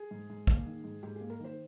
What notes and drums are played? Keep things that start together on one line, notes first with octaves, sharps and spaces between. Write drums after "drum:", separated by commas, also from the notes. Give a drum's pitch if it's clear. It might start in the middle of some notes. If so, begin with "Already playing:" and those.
Already playing: G#4
G#2
G#2
A#3, drum: kick
D#3
G#2
G#2 G4
A#3 G#4
A#4
D#3 C5